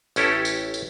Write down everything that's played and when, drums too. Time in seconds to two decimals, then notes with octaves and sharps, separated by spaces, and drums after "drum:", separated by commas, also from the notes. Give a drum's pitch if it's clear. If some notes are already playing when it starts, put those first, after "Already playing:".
0.16 A1 C#4 E4 G4 A4, drum: tambourine
0.45 drum: tambourine
0.74 drum: tambourine